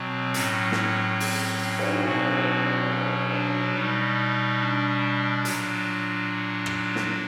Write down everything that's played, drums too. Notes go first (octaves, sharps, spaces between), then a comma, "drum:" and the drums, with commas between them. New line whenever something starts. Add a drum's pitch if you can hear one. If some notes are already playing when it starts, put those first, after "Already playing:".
Already playing: B2 F#3 C4
A2 F#3 C#4, drum: hi-hat
drum: snare
C4, drum: open hi-hat
C#4
drum: cymbal
B2 F#3 C4
C#4
D4
B2 G3 D#4
D4
A#2 F#3, drum: hi-hat
drum: rim click
drum: snare